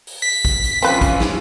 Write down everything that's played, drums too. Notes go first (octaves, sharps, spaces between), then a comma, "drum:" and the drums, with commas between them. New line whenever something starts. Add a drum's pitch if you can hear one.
drum: open hi-hat
B6
drum: kick A1, hi-hat
drum: hi-hat
E3 F3 C4 C#4 B4 F5, drum: hi-hat
drum: kick A1, hi-hat
drum: snare